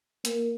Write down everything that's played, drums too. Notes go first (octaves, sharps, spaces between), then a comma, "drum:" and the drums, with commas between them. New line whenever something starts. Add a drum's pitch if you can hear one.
A#3, drum: hi-hat